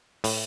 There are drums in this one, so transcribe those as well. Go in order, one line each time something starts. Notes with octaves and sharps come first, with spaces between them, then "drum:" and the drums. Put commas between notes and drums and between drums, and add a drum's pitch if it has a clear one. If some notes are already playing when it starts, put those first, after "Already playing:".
A2, drum: open hi-hat